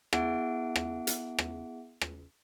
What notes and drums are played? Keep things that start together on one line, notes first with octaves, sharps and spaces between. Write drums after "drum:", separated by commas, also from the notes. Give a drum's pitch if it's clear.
B3 E4 G#4 E5 F#5 D7, drum: rim click
drum: rim click
drum: hi-hat
drum: rim click
drum: rim click